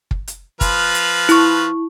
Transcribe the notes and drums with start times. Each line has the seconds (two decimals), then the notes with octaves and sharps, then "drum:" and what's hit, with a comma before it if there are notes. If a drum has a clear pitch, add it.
0.11 drum: kick
0.28 drum: hi-hat
0.61 F3 B4 F6, drum: kick, hi-hat
0.94 drum: hi-hat
1.29 E4 C#6, drum: hi-hat